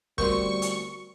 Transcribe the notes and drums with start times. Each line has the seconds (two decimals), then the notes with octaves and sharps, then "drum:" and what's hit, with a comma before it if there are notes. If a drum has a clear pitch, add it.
0.18 D2 G3 B3 C4 A#4 C6 C#6, drum: kick
0.62 drum: hi-hat